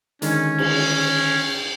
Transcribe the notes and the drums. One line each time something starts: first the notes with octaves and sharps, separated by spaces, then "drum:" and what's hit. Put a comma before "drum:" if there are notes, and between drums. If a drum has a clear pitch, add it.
D3 D#3 G#3 C#4, drum: hi-hat
drum: cymbal